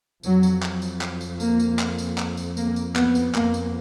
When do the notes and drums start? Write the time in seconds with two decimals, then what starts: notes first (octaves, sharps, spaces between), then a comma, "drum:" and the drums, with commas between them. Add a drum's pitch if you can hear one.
0.23 F2 F#3, drum: tambourine
0.43 drum: tambourine
0.62 drum: clap
0.82 drum: tambourine
1.01 drum: clap
1.21 drum: tambourine
1.40 A#3, drum: tambourine
1.60 drum: tambourine
1.79 drum: clap
1.98 drum: tambourine
2.18 drum: clap
2.37 drum: tambourine
2.57 A#3, drum: tambourine
2.76 drum: tambourine
2.96 B3, drum: clap
3.15 drum: tambourine
3.35 F2 A#3, drum: clap
3.54 drum: tambourine